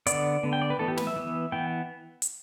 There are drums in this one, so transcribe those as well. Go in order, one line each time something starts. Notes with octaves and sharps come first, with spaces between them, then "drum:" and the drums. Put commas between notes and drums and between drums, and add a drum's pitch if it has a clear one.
D3 B3 D5, drum: hi-hat
D3 B3
G5
D5
B4
E3 B3 A4
G4
B4, drum: snare
E5
E3 B3
E3 B3 G5
drum: hi-hat